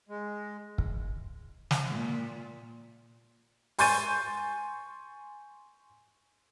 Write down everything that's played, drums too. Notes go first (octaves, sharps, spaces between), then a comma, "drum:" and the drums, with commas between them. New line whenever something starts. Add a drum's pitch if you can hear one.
G#3
drum: kick
drum: snare
A#2
G#5 C6 C#6 G6 A6 D#7, drum: open hi-hat